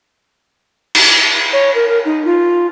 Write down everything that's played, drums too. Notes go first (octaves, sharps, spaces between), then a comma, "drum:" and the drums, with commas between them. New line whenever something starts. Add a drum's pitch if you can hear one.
drum: cymbal
C#5
A#4
A#4
D#4
F4